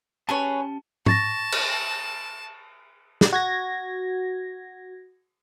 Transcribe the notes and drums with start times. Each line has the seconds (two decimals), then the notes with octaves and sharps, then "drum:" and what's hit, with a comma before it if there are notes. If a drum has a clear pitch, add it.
0.29 C#4 G4 G#4 B4 C#5 A5
1.06 A5 C#6 A6 A#6, drum: tom G#2
1.52 drum: cymbal
3.21 drum: snare
3.33 F#4 G#6 A#6